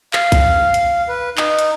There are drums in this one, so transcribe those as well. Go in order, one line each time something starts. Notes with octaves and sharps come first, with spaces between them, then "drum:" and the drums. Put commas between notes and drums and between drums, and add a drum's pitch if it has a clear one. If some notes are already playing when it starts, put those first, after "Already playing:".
F5, drum: clap
drum: kick, hi-hat
drum: hi-hat
B4
D#4, drum: clap
drum: hi-hat